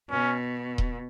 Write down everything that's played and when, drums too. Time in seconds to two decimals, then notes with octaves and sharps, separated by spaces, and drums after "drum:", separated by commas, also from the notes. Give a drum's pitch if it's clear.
0.10 B2 C#4
0.78 drum: kick D#1